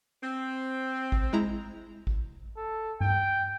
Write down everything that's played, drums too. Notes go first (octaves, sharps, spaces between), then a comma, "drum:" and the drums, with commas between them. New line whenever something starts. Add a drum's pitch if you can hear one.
C4
drum: kick G#1
G#3 E4 A#5
drum: kick G#1
A4
G5, drum: tom G2